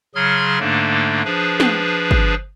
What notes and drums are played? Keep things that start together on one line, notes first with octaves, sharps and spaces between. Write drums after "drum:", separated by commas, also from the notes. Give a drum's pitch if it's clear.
C#3 F#3 G#4 C6 F6 G#6
G#2 D3 A3 A#3 D4
F3 D4 G#4 B4
drum: snare
drum: kick